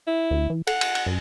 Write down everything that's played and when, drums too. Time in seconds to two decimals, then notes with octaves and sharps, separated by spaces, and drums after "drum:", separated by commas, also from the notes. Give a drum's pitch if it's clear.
0.07 E4
0.31 D2
0.50 E3
0.67 A4 F#5, drum: cymbal
0.81 drum: cymbal
0.95 drum: cymbal
1.06 F#2